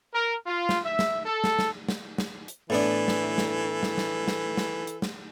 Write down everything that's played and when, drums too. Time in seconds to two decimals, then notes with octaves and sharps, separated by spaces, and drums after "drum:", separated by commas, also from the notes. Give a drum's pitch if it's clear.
0.12 A#4
0.45 F4
0.69 drum: snare
0.84 E5
0.99 drum: snare
1.24 A4
1.44 drum: snare
1.59 drum: snare
1.89 drum: snare
2.18 drum: snare
2.48 drum: hi-hat
2.70 A2 E3 B3 D4 A4
3.08 drum: snare
3.38 drum: snare
3.83 drum: snare
3.98 drum: snare
4.28 drum: snare
4.57 drum: snare
4.87 drum: hi-hat
5.02 drum: snare